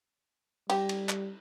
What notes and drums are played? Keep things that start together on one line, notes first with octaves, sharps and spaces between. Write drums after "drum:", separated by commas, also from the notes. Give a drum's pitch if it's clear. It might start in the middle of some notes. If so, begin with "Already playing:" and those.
G3 G4, drum: cymbal
drum: cymbal
drum: clap